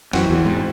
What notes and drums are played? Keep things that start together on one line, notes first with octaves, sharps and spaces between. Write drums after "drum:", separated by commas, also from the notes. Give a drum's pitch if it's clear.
F#2 E3 C4 F#4, drum: snare
E2
G#2